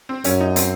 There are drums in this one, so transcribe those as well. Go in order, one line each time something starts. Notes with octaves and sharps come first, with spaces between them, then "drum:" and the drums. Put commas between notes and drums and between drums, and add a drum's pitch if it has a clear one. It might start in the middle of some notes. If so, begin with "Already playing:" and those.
C4
F#2 C#4, drum: hi-hat
D#4
C4, drum: hi-hat